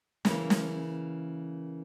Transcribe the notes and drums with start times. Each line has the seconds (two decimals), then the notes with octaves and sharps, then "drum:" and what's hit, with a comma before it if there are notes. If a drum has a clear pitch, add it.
0.25 C#3 E3 A#3, drum: snare
0.50 drum: snare